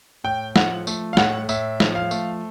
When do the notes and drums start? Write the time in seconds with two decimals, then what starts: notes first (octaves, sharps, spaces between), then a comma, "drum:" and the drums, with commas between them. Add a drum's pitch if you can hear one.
0.24 A2 G5
0.56 F3 F#5, drum: snare
0.87 A3, drum: tambourine
1.13 F5
1.17 A2 F#5, drum: snare
1.49 A2 E5, drum: tambourine
1.80 F3, drum: snare
1.95 F5
2.11 A3, drum: tambourine